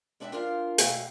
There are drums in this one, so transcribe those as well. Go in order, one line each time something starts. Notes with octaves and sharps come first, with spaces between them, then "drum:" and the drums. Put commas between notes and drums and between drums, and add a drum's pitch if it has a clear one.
G#3 D4 B4 D5 E5 G5
D4 F4 A#4 C5 F5
B2 A3 G#4 F5 G5, drum: hi-hat